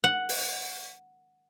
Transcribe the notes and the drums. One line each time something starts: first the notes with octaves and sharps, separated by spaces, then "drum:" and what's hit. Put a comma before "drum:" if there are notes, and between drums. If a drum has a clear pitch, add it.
F#5
drum: open hi-hat